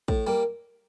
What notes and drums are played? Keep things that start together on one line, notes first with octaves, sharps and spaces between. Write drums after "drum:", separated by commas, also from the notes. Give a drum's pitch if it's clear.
A2, drum: kick
G3 A#3